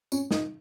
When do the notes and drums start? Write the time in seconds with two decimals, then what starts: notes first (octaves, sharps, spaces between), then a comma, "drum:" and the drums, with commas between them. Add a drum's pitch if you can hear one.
0.12 C#4, drum: tambourine
0.31 D#4, drum: snare